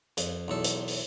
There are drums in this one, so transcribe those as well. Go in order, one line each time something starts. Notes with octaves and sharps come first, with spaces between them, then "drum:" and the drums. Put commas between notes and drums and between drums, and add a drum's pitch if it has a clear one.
F2, drum: hi-hat
B1 E2 A4
drum: hi-hat
drum: open hi-hat